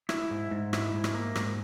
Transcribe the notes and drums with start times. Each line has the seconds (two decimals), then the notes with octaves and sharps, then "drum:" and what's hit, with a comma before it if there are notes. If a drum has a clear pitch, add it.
0.09 E4, drum: rim click
0.31 G#2
0.51 G#2
0.73 E4, drum: rim click
0.94 G#2
1.04 drum: rim click
1.14 A#3
1.35 G#2, drum: rim click